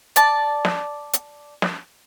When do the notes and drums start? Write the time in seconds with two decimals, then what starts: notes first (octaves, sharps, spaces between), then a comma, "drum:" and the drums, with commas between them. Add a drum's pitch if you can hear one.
0.16 D5 A5, drum: hi-hat
0.65 drum: snare
1.13 drum: hi-hat
1.62 drum: snare